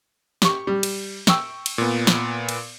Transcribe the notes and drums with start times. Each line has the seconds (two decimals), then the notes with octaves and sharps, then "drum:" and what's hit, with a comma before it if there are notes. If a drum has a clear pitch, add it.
0.42 G4 C#6, drum: snare
0.67 G3
0.83 drum: cymbal
1.27 G5 C#6 E6, drum: snare
1.66 drum: cymbal
1.78 A#2 B3
2.07 drum: snare
2.49 drum: cymbal